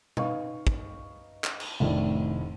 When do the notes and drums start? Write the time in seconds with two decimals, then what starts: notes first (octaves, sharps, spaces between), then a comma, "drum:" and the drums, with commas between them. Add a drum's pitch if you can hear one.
0.17 D#4 B4 F5 C#6, drum: tom B2
0.67 drum: kick
1.44 drum: clap
1.60 drum: cymbal
1.80 F1 A2 D#3 A3 D4 E4